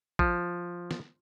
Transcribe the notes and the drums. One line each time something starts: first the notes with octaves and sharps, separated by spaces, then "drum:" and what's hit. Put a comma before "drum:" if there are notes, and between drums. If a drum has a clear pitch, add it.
F3, drum: kick A1
drum: snare